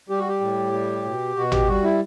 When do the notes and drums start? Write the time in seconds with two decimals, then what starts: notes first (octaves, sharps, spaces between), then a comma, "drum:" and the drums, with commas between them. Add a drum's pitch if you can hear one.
0.09 G3 G4
0.19 F#4
0.28 G4
0.40 A2
0.73 G3
1.05 B2
1.36 B2 F#4
1.52 G4, drum: tom
1.68 G3 F#4
1.83 E4